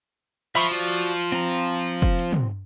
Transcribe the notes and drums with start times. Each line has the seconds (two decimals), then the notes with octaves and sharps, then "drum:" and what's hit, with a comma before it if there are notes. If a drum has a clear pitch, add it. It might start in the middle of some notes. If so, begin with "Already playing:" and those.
0.55 F3 E5 B5 C#6
0.71 F#4 D5
1.32 C4 A#5
2.02 drum: kick
2.19 drum: hi-hat
2.33 drum: tom